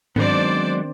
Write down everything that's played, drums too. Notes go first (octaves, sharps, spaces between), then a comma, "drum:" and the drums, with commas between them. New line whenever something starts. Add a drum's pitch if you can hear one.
D#3 F#3 G#3 B3 C4 D4 C5 D5, drum: tom G2